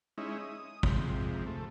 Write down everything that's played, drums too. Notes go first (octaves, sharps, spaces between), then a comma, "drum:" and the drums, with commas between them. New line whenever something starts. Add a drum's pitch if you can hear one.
G#3 C#4 D#4 E4
D#6
F2 G#2 C3, drum: kick
A3